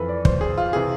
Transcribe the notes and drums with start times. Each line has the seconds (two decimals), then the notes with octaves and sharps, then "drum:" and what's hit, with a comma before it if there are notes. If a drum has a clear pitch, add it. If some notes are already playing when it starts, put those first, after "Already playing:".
Already playing: F2 E3 A4 B4
0.09 D5
0.25 C5, drum: kick
0.41 G#4
0.58 F4
0.73 C3 E3 G#4